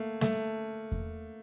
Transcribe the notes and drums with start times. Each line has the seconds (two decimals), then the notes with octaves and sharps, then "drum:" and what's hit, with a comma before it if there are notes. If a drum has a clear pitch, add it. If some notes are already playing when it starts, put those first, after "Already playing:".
Already playing: A3 A#3
0.21 A3, drum: snare G3
0.92 drum: kick E2